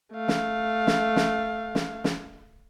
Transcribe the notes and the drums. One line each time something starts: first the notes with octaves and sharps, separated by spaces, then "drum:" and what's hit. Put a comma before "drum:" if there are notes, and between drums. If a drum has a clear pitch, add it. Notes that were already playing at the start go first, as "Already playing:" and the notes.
A3 F5
drum: snare
drum: snare
drum: snare
drum: snare
drum: snare